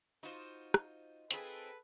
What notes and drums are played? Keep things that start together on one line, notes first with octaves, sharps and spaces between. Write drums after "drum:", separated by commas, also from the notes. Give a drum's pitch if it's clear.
D#4 F4 F#4 C5
drum: rim click
C4 F4 G#4 A4 B4 B5, drum: hi-hat